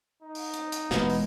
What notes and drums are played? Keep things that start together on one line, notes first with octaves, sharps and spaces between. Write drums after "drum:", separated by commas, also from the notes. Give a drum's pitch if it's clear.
D#4
drum: open hi-hat
drum: hi-hat
drum: hi-hat
F1 B2 E3 G#3 B3, drum: snare
drum: open hi-hat